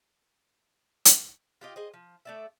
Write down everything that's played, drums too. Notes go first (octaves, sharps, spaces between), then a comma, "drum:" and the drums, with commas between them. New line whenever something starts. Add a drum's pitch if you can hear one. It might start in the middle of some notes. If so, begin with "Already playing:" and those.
drum: hi-hat
F4 G4 D#5
G#4 C5 D#5
F3
A3 D5 E5